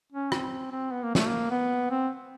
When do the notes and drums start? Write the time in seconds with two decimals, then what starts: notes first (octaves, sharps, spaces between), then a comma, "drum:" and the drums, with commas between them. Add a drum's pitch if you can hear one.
0.12 C#4
0.32 C4, drum: rim click
0.72 C4
0.92 B3
1.03 A#3
1.15 A3, drum: snare
1.27 A#3
1.51 B3
1.91 C4